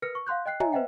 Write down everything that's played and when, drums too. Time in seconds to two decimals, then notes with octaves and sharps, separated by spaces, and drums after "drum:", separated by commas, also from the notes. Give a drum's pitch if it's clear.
0.02 A#4 B4 F6 A#6 C#7
0.15 C#6
0.27 F5 F#5 C6 F#6 G6
0.46 D#5 G5 F#6 C7
0.60 C#5 D#5 E5 G#5 A#5, drum: tom
0.72 B4 C5 D#5 E5 F#5 G5